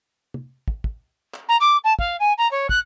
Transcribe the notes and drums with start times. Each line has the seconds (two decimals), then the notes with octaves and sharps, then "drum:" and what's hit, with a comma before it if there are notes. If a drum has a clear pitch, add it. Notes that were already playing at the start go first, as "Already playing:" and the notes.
0.34 drum: tom
0.68 drum: kick
0.84 drum: kick
1.34 drum: clap
1.48 A#5
1.60 D6
1.84 A5
1.99 F5, drum: kick
2.19 G#5
2.38 A#5
2.51 C#5
2.69 F#6, drum: kick